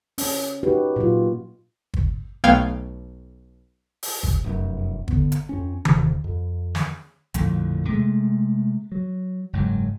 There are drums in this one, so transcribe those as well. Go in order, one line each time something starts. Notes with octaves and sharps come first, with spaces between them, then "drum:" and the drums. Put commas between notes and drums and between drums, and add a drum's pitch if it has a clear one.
C#4, drum: open hi-hat
D#4 F#4 G4 B4
A#2 F#3 F4
drum: kick
B1 A3 B3 F5 G5 G#6
drum: open hi-hat
drum: kick
F1 F#2
D3 B3, drum: kick
drum: hi-hat
F2 C4 C#4
D#1 C3, drum: tom D#3
F2
drum: snare
A#1 F2 A2 D3, drum: hi-hat
C3 G#3 A3
F#3
F#1 G#2 F#3